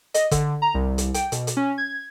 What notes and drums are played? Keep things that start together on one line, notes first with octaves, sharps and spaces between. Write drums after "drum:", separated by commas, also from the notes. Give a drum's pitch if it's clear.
D#5, drum: hi-hat
D3, drum: kick G1, hi-hat
A#5
C2
drum: hi-hat
G5, drum: hi-hat
B2, drum: hi-hat
drum: hi-hat
C#4
G#6